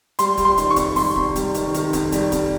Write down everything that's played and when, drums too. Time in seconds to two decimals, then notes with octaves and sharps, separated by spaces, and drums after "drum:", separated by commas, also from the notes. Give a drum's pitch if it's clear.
0.19 G3 C6, drum: hi-hat
0.38 G3, drum: kick, hi-hat
0.45 C6
0.58 D#3, drum: hi-hat
0.71 C#6
0.76 F2, drum: kick, hi-hat
0.96 G3 C6, drum: open hi-hat
1.16 C3, drum: kick
1.36 G3, drum: hi-hat
1.55 D#3, drum: hi-hat
1.75 D#3, drum: hi-hat
1.93 F2, drum: kick, hi-hat
2.12 G3, drum: hi-hat
2.32 F2, drum: kick, hi-hat